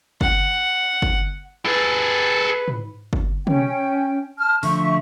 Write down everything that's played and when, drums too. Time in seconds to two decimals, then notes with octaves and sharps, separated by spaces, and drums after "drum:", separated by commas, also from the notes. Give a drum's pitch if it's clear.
0.21 F#5, drum: kick G1
1.02 drum: kick G1
1.65 G#4 A4 B4
2.68 drum: tom
3.13 drum: kick G1
3.47 C#4 G5, drum: tom
4.38 A5 F6
4.63 D3 F3 A3 E5 C#6, drum: open hi-hat